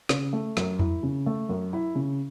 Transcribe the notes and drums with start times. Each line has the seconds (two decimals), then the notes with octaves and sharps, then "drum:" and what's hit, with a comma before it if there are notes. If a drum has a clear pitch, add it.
0.09 C#3, drum: snare
0.33 A3
0.57 F#2, drum: snare
0.79 E4, drum: tom E2
1.03 C#3
1.26 A3
1.49 F#2
1.73 E4
1.95 C#3